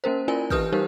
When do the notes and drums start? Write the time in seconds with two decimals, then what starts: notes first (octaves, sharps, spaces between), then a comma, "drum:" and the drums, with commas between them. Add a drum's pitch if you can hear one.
0.04 A#3 C#4 A#4 C5
0.28 C#4 E4 F4 A#4 D5 G#5
0.50 E3 G4 B4 D#6 F6 G6, drum: kick
0.72 G3 D#4 G4 A#4 C5